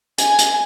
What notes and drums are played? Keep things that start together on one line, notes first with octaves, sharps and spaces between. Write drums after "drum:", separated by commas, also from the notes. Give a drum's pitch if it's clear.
G#5, drum: hi-hat
drum: hi-hat